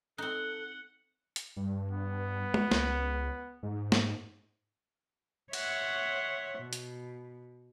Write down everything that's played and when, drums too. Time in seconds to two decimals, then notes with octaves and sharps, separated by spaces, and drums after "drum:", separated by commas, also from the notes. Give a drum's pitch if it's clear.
0.18 C4 D#4 A4 F#5 F#6 G7
1.36 drum: hi-hat
1.56 G2
1.92 B3
2.54 drum: tom G#3
2.71 C#2, drum: snare
3.63 G#2
3.92 drum: snare
5.53 C#5 E5 F#5 C6 C#6, drum: cymbal
6.58 B2
6.73 drum: hi-hat